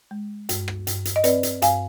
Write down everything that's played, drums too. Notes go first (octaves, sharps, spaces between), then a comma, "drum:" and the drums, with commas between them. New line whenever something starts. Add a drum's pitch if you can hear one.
G#3
G2, drum: hi-hat
drum: rim click
G2, drum: hi-hat
drum: hi-hat
D#5
C4 B4 D5, drum: hi-hat
drum: hi-hat
G2 F5 G#5, drum: hi-hat